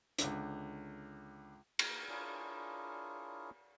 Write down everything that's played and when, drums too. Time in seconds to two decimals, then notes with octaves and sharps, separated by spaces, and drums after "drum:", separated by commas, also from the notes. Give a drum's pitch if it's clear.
0.19 C#2 D3, drum: hi-hat
1.79 A#3, drum: cymbal
2.09 D4 E4 F4 G#4 A#4 C#5